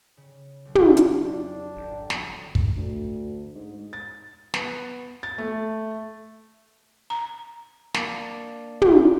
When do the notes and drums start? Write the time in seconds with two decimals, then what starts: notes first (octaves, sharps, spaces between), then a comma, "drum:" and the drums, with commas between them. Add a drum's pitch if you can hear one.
0.17 C#3
0.65 B1 F#3
0.75 drum: tom
0.97 drum: hi-hat
1.25 F2 D4
1.77 G#1 G4 A4 D5
2.10 G1 F#3 D#6, drum: snare
2.55 drum: kick
2.76 D2
3.55 G#2
3.93 A6
4.54 B3, drum: snare
5.23 A6
5.38 A3
7.10 A#5
7.94 A#3 D4 D5, drum: snare
8.82 drum: tom